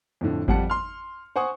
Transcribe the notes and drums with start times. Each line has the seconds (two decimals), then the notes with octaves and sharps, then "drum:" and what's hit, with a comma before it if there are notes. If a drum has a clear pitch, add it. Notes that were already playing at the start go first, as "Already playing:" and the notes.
0.21 F2 A2 D3
0.48 F2 G3 F#5 A5 C#7, drum: kick G#1
0.70 C6 F6
1.36 C5 F#5 G#5 C#6 D#6